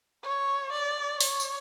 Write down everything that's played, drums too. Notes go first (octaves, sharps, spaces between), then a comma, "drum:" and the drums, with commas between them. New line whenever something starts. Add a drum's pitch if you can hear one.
C#5
D5
C#5, drum: open hi-hat
drum: tambourine